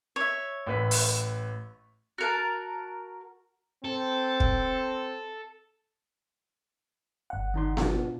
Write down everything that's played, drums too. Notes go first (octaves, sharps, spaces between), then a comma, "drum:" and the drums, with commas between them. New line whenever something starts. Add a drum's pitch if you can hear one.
C#5 E5
A1 B4 B6
drum: open hi-hat
F#4 A#4 A5
C4 A4
drum: kick
G1 F#5
D#3 D#4 C6
B2 D4 F4, drum: snare B3